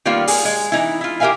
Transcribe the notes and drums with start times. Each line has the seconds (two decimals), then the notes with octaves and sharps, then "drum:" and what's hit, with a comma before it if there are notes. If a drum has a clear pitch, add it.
0.05 D#3 G3 A#3 B3 F4 F5
0.27 G#4, drum: open hi-hat
0.45 G#3
0.72 E3 A#3 D#4 E4
1.01 E4 F4
1.20 G4 A#4 B4 E5 F5 G#5